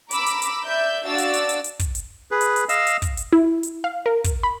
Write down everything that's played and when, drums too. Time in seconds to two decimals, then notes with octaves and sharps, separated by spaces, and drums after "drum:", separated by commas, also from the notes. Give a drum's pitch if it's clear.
0.11 A#5 B5 D6 E6, drum: hi-hat
0.26 drum: hi-hat
0.42 drum: hi-hat
0.65 D5 E5 G6
1.05 D4 F#4 D5 F5 E6 A6
1.18 drum: hi-hat
1.34 drum: hi-hat
1.49 drum: hi-hat
1.64 drum: hi-hat
1.79 drum: kick, hi-hat
1.95 drum: hi-hat
2.31 G#4 B4
2.41 drum: hi-hat
2.56 drum: hi-hat
2.69 D#5 F5 E6, drum: hi-hat
2.87 drum: hi-hat
3.02 drum: kick, hi-hat
3.17 drum: hi-hat
3.33 E4
3.63 drum: hi-hat
3.84 F5
4.06 A#4
4.24 drum: kick, hi-hat
4.43 B5